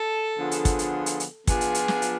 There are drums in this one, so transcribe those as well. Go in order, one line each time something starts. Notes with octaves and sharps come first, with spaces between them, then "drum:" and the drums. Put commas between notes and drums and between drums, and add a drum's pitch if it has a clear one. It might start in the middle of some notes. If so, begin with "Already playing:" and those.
Already playing: A4
D3 F3 B3 F4 G#4
drum: hi-hat
drum: kick, hi-hat
drum: hi-hat
drum: hi-hat
drum: hi-hat
F3 B3 D4 F4 G#4, drum: kick, hi-hat
drum: hi-hat
drum: hi-hat
drum: snare
drum: hi-hat